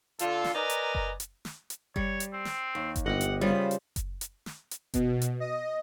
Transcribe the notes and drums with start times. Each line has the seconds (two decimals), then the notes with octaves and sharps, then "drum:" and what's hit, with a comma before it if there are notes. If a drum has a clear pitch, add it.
0.19 D3 F4 A4, drum: hi-hat
0.44 drum: snare
0.54 A#4 B4 D5 D#5 G#5 A#5
0.70 drum: hi-hat
0.95 drum: kick F#1
1.20 drum: hi-hat
1.45 drum: snare
1.70 drum: hi-hat
1.96 G3 C#5, drum: kick F#1
2.20 drum: hi-hat
2.33 C4
2.45 drum: snare
2.75 D#2
2.96 drum: kick F#1, hi-hat
3.06 G1 G4 D#5 F#5
3.21 drum: hi-hat
3.41 C#3 G3 B3 F4 C5
3.71 drum: hi-hat
3.96 drum: kick F#1, hi-hat
4.21 drum: hi-hat
4.46 drum: snare
4.71 drum: hi-hat
4.94 B2, drum: kick F#1, hi-hat
5.22 drum: hi-hat
5.40 D#5